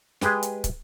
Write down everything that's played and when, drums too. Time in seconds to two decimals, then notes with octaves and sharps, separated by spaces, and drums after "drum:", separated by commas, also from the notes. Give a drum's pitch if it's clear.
0.21 G#3 G4 G#4 B4 G5, drum: snare
0.43 drum: hi-hat
0.64 drum: kick, hi-hat